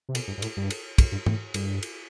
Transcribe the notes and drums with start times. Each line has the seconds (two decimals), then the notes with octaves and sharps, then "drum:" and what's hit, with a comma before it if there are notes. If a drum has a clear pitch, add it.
0.09 C3
0.15 B2, drum: cymbal
0.28 G2
0.38 G2
0.42 A2, drum: cymbal
0.57 G2
0.70 drum: cymbal
0.98 G2, drum: kick, cymbal
1.12 G2
1.26 A2, drum: tom
1.54 G2, drum: cymbal
1.83 drum: cymbal